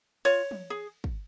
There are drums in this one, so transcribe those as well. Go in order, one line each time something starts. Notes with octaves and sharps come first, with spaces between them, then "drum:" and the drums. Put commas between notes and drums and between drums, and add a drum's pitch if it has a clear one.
F4 C#5, drum: cymbal
drum: tom
G#4
drum: kick